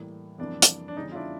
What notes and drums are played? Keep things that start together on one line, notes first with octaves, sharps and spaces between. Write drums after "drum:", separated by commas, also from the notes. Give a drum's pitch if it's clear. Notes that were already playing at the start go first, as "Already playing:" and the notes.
Already playing: A2 E3 G3 A#3
F2 C3 E3 G3 A#3 D4
drum: hi-hat
D4
E2 C#3 E3 G3 D#4
F4
D4 E4